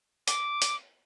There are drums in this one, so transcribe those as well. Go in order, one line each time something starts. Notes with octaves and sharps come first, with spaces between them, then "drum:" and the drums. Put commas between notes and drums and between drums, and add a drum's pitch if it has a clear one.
D6, drum: hi-hat
drum: hi-hat